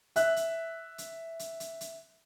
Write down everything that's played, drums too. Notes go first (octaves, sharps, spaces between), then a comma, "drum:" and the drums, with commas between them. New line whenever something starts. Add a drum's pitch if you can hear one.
E5 F#6, drum: hi-hat
drum: hi-hat
drum: hi-hat
drum: hi-hat
drum: hi-hat
drum: hi-hat